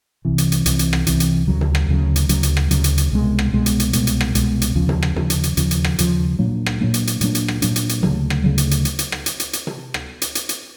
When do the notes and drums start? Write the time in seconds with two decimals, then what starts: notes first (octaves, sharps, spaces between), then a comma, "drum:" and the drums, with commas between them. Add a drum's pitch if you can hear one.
0.25 C2 C3 E3
0.38 drum: hi-hat
0.52 drum: hi-hat
0.66 C2 C3 E3, drum: hi-hat
0.79 drum: hi-hat
0.93 drum: rim click
1.07 C2 C3 E3, drum: hi-hat
1.20 drum: hi-hat
1.47 D2 C#3 F#3
1.61 drum: tom C3
1.75 drum: rim click
1.88 D2 C#3 F#3
2.16 drum: hi-hat
2.29 D2 C#3 F#3, drum: hi-hat
2.43 drum: hi-hat
2.57 drum: rim click
2.71 D2 C#3 F#3, drum: hi-hat
2.84 drum: hi-hat
2.98 drum: hi-hat
3.12 C2 B2 G#3
3.39 drum: rim click
3.53 C2 B2 G#3
3.66 drum: hi-hat
3.80 drum: hi-hat
3.93 C2 B2 G#3, drum: hi-hat
4.07 drum: hi-hat
4.21 drum: rim click
4.35 C2 B2 G#3, drum: hi-hat
4.62 drum: hi-hat
4.75 D#2 C#3 F3
4.89 drum: tom C3
5.02 drum: rim click
5.16 D#2 C#3 F3, drum: tom C3
5.30 drum: hi-hat
5.43 drum: hi-hat
5.57 D#2 C#3 F3, drum: hi-hat
5.71 drum: hi-hat
5.84 drum: rim click
5.99 D#2 C#3 F3, drum: hi-hat
6.39 A#2 F#3 A#3 D4
6.66 drum: rim click
6.80 A#2 F#3 A#3 D4
6.94 drum: hi-hat
7.07 drum: hi-hat
7.21 A#2 F#3 A#3 D4, drum: hi-hat
7.35 drum: hi-hat
7.48 drum: rim click
7.62 A#2 F#3 A#3 D4, drum: hi-hat
7.76 drum: hi-hat
7.89 drum: hi-hat
8.03 D2 C#3 F#3, drum: tom C3
8.30 drum: rim click
8.44 D2 C#3 F#3
8.58 drum: hi-hat
8.71 drum: hi-hat
8.85 drum: hi-hat
8.99 drum: hi-hat
9.12 drum: rim click
9.26 drum: hi-hat
9.40 drum: hi-hat
9.53 drum: hi-hat
9.67 drum: tom C3
9.94 drum: rim click
10.22 drum: hi-hat
10.35 drum: hi-hat
10.49 drum: hi-hat